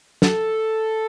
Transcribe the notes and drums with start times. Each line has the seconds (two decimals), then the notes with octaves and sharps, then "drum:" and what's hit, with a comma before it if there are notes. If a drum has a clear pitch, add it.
0.22 A4, drum: snare